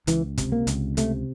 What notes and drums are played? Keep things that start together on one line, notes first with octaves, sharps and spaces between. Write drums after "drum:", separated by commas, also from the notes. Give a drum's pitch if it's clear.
C#2 E3, drum: hi-hat
C3, drum: kick G1, hi-hat
A#3
C#2, drum: hi-hat
C3 A3, drum: hi-hat